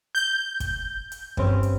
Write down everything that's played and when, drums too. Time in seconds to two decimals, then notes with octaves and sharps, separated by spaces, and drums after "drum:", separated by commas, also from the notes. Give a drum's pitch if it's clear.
0.15 G6
0.60 drum: kick, hi-hat
1.12 drum: hi-hat
1.37 G2 C4 C#4, drum: kick
1.63 drum: hi-hat